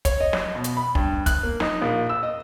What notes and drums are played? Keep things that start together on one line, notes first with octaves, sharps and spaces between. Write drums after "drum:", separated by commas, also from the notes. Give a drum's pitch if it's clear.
C#5, drum: kick, hi-hat
D#5
drum: snare
B2
drum: hi-hat
B5
G2, drum: kick
F#6, drum: kick, hi-hat
A#3
D#4, drum: snare
A#1
E6
D#5